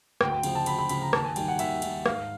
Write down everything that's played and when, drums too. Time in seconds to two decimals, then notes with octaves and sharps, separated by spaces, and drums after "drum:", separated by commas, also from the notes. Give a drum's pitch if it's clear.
0.21 D2 G5, drum: rim click
0.32 G5
0.43 C#3 F3, drum: cymbal
0.55 A5
0.66 D2 B5, drum: cymbal
0.78 B5
0.89 C#3 F3 B5, drum: cymbal
1.01 A#5
1.13 D#2 A5, drum: rim click
1.25 G#5
1.36 D#3 G3 G5, drum: cymbal
1.48 F#5
1.59 D#2 E5, drum: cymbal
1.82 D#3 G3, drum: cymbal
2.06 G#2 F5, drum: rim click